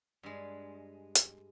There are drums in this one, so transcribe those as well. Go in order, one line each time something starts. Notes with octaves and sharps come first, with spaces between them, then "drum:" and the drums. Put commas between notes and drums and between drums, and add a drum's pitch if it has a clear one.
G2 G#3
drum: hi-hat